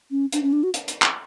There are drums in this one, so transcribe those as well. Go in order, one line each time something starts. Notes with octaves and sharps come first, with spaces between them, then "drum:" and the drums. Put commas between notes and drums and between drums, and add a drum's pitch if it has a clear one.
C#4
D4, drum: hi-hat
C#4
D4
F#4
drum: hi-hat
drum: hi-hat
drum: clap